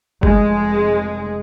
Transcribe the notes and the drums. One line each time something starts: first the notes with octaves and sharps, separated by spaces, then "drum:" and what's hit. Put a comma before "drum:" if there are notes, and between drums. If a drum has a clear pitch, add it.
F1 G#3, drum: kick G1